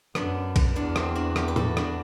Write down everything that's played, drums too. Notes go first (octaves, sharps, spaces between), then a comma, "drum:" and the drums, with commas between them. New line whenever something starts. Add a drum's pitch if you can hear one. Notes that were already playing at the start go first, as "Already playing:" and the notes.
F#2 B3 D4, drum: rim click
drum: kick B1, cymbal
E2 B3 D4
C4 E4, drum: rim click
D4 F#4
E4 G4, drum: rim click
B4
F#4 A4, drum: tom A2
D4 F#4, drum: rim click